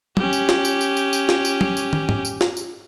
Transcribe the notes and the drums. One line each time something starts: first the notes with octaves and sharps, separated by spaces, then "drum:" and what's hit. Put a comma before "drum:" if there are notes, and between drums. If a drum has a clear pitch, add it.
C#4 G4, drum: tom
drum: tambourine
drum: snare
drum: tambourine
drum: tambourine
drum: tambourine
drum: tambourine
drum: snare
drum: tambourine
drum: tom
drum: tambourine
drum: tom
drum: tom
drum: tambourine
drum: snare
drum: tambourine